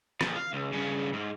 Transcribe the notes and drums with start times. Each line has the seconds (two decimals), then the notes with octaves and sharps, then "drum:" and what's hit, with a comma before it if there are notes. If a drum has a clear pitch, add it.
0.21 A#2 F3, drum: rim click
0.36 F5
0.53 C#2
0.73 G2 C#3
1.13 G#2